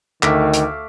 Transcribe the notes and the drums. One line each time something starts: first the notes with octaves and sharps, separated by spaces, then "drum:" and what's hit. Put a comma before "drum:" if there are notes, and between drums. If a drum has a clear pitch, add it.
D2 D#3 A3 F5 D6 B6, drum: clap
drum: hi-hat